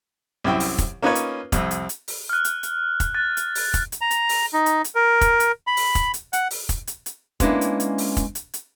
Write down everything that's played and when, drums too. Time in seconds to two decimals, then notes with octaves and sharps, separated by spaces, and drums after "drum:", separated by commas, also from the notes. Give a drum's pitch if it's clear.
0.44 C2 F#2 E4 G5
0.60 drum: open hi-hat
0.78 drum: kick, hi-hat
1.02 A#3 C#4 D#4 F4 B4 C#5
1.15 drum: hi-hat
1.52 C2 F2, drum: kick, hi-hat
1.71 drum: hi-hat
1.89 drum: hi-hat
2.08 drum: open hi-hat
2.29 F6 F#6
2.45 drum: hi-hat
2.63 drum: hi-hat
3.00 drum: kick, hi-hat
3.14 F#6 A6
3.37 drum: hi-hat
3.55 drum: open hi-hat
3.74 drum: kick, hi-hat
3.92 drum: hi-hat
4.01 A#5
4.11 drum: hi-hat
4.29 drum: open hi-hat
4.53 D#4
4.66 drum: hi-hat
4.84 drum: hi-hat
4.95 A#4
5.21 drum: kick, hi-hat
5.40 drum: hi-hat
5.67 B5
5.77 drum: open hi-hat
5.95 drum: kick, hi-hat
6.14 drum: hi-hat
6.33 F#5, drum: hi-hat
6.51 drum: open hi-hat
6.69 drum: kick, hi-hat
6.87 drum: hi-hat
7.06 drum: hi-hat
7.40 G#3 A#3 B3 C#4 D4 E4, drum: kick, hi-hat
7.61 drum: hi-hat
7.80 drum: hi-hat
7.98 drum: open hi-hat
8.17 drum: kick, hi-hat
8.35 drum: hi-hat
8.54 drum: hi-hat